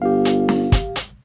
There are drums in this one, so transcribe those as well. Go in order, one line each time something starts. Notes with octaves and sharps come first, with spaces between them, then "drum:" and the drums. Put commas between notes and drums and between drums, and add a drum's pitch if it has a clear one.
G1 G4 F5
drum: hi-hat
drum: snare
drum: kick, hi-hat
drum: hi-hat